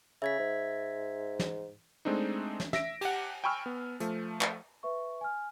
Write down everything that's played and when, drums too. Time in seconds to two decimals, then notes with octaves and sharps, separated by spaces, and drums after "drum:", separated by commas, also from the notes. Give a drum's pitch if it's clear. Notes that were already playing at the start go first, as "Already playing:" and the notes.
0.22 C#3 E5 G#6 B6
0.39 G#2
1.40 drum: snare
2.05 G#3 A3 C4 D4 D#4
2.60 drum: snare
2.73 E5 A#6 D7, drum: snare
3.01 G4 F#5, drum: cymbal
3.44 G5 G#5 B5 C#6 E6 F6
3.66 B3
4.00 F3 A3, drum: hi-hat
4.41 drum: clap
4.83 B4 E5 C#6
5.21 G#5 F6